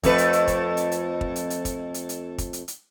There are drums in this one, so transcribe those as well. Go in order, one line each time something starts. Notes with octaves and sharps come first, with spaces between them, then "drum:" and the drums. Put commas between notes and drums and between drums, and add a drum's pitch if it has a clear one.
F2 A3 B4, drum: kick, hi-hat
drum: hi-hat
drum: hi-hat
drum: kick, hi-hat
drum: hi-hat
drum: hi-hat
drum: kick
drum: hi-hat
drum: hi-hat
drum: kick, hi-hat
drum: hi-hat
drum: hi-hat
drum: kick, hi-hat
drum: hi-hat
drum: hi-hat